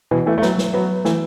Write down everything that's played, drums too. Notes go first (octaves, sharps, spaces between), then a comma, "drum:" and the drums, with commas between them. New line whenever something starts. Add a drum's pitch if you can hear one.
B2 E3
E3 A3
A3
F#3 B3, drum: snare
drum: snare
F#3 B3
E3 A3, drum: snare